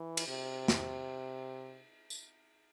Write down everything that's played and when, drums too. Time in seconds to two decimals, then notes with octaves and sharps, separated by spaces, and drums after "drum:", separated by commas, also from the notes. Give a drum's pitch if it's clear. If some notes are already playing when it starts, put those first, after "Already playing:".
Already playing: E3
0.17 drum: cymbal
0.28 C3
0.68 drum: snare
2.10 drum: tambourine